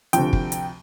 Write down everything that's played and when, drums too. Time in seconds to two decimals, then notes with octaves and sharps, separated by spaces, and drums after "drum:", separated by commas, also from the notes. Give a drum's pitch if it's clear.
0.13 D2 C3 F3 G5, drum: hi-hat
0.33 drum: kick
0.52 drum: hi-hat